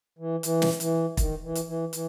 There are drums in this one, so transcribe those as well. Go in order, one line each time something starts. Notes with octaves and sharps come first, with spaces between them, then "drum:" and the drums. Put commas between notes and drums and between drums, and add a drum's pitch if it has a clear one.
E3
E3, drum: hi-hat
drum: snare
E3, drum: hi-hat
D#3, drum: kick, hi-hat
E3
drum: hi-hat
E3
E3, drum: hi-hat